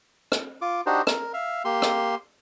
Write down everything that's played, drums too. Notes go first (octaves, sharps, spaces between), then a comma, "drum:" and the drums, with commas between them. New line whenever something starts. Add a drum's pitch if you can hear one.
drum: rim click
F4 D6
D4 D#4 F#4 G4 C5
A#4, drum: rim click
E5 F5
A#3 G4 C6
drum: rim click